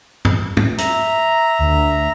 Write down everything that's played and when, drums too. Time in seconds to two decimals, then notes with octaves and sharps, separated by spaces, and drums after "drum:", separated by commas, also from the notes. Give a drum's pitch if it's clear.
0.25 drum: tom
0.57 drum: tom
0.78 E5 A#5, drum: hi-hat
1.59 D2